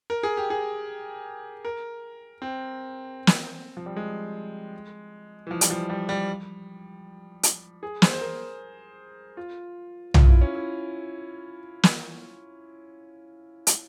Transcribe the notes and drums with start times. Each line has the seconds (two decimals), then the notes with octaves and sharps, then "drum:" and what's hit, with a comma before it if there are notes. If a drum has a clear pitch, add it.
0.10 A#4
0.23 G#4
0.37 G4
0.50 G#4
1.65 A#4
2.42 C4
3.27 drum: snare
3.77 F3
3.86 G3
3.96 G#3
5.47 E3
5.51 F3
5.61 G3, drum: hi-hat
5.70 F3
5.90 G3
6.09 G3
7.43 drum: hi-hat
7.83 G#4
8.02 C5, drum: snare
8.13 C5
8.21 A#4
9.37 F4
10.14 F4, drum: tom B1
10.28 E4
10.41 C#4
10.55 E4
11.83 drum: snare
13.67 drum: hi-hat